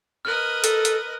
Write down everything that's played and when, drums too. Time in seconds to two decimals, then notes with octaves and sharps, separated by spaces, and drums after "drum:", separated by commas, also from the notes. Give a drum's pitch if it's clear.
0.25 A#4 B4 D#5 F6 F#6
0.64 A4, drum: hi-hat
0.85 drum: hi-hat